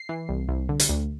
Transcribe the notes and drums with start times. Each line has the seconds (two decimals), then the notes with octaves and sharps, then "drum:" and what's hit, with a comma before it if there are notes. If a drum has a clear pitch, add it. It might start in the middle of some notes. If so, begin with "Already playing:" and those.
Already playing: C7
0.09 E3
0.29 C2
0.49 C2
0.69 D3
0.80 drum: hi-hat
0.89 D2